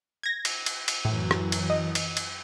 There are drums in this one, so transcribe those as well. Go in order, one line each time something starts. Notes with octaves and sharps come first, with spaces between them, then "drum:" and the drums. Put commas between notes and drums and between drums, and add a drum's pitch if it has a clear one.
G#6 A#6
drum: cymbal
drum: cymbal
drum: cymbal
F#2 A2 E3 F#3
drum: rim click
drum: cymbal
D#5
drum: cymbal
drum: cymbal